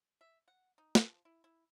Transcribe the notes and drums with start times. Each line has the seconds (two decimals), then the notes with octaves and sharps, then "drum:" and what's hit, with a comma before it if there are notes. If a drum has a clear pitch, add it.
0.21 E5
0.48 F#5
0.78 D#4
0.95 F3, drum: snare
1.25 E4
1.44 E4